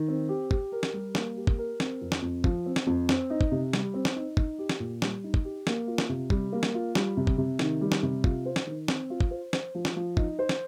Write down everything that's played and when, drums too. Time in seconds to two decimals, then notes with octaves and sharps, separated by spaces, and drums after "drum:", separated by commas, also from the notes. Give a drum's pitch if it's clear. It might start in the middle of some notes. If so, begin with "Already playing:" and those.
Already playing: D#3
0.08 C4
0.29 G4
0.51 G4, drum: kick
0.72 A#4
0.83 drum: snare
0.93 G3
1.15 A#3, drum: snare
1.36 G4
1.47 drum: kick
1.58 A#4
1.80 C4, drum: snare
2.01 F2
2.12 drum: snare
2.22 F2
2.44 F3, drum: kick
2.66 C4
2.76 drum: snare
2.87 F2
3.09 C4, drum: snare
3.30 D#4
3.41 drum: kick
3.51 C3
3.73 G3, drum: snare
3.94 C4
4.05 drum: snare
4.15 D#4
4.37 D#4, drum: kick
4.58 G4
4.69 drum: snare
4.80 A#2
5.02 G3, drum: snare
5.24 D#4
5.34 drum: kick
5.44 G4
5.67 A#3, drum: snare
5.87 F4
5.98 drum: snare
6.09 C3
6.30 G3, drum: kick
6.53 A#3
6.63 drum: snare
6.74 F4
6.95 G3, drum: snare
7.17 C3
7.27 drum: kick
7.38 C3
7.59 D#3, drum: snare
7.81 G3
7.92 drum: snare
8.03 C3
8.24 F4, drum: kick
8.46 C5
8.56 drum: snare
8.67 D#3
8.88 C4, drum: snare
9.10 F4
9.21 drum: kick
9.31 C5
9.53 C5, drum: snare
9.75 F3
9.85 drum: snare
9.96 F3
10.17 D#4, drum: kick
10.39 C5
10.49 drum: snare